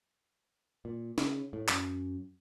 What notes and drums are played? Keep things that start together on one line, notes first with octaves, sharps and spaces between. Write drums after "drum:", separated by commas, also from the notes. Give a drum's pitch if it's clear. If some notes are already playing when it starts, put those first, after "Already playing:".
A#2
C#3, drum: snare
A2
F#2, drum: clap